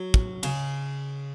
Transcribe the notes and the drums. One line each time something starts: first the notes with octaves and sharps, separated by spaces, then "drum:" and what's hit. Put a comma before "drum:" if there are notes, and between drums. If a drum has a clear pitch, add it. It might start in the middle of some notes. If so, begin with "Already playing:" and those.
Already playing: F#3
drum: kick
C#3, drum: cymbal